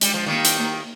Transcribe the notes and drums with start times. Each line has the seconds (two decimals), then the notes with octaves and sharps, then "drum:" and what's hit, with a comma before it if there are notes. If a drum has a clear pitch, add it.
0.01 G3 G#3, drum: hi-hat
0.14 F3
0.26 D#3 G3 A#3
0.45 drum: hi-hat
0.59 A#3